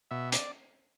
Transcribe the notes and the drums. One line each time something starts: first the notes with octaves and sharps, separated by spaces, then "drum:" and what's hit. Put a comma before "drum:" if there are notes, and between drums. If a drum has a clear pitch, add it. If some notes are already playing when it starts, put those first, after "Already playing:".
B2 E5
D5, drum: hi-hat